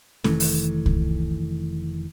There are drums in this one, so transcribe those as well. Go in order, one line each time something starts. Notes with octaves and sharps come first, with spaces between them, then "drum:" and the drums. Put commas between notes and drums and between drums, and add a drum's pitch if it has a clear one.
F1 D#3 E3 A3, drum: snare C#4
drum: open hi-hat
drum: kick C2